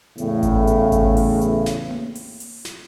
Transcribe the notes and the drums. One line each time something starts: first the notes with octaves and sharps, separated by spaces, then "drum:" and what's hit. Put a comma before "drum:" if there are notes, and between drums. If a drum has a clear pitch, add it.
E2 A2 C#3, drum: hi-hat
drum: kick G#1, hi-hat
drum: hi-hat
drum: kick G#1, hi-hat
drum: open hi-hat
drum: hi-hat
drum: snare
drum: tom A#3
drum: open hi-hat
drum: open hi-hat
drum: snare